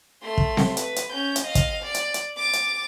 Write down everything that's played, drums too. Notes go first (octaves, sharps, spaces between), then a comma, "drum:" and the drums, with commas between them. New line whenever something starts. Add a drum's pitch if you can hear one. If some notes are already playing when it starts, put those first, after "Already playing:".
A3 C6
drum: kick
drum: snare C4
B4, drum: hi-hat
drum: hi-hat
C#4 G6
drum: hi-hat
D#5 F5
drum: kick, hi-hat
D5
drum: hi-hat
drum: hi-hat
D6 A6
drum: hi-hat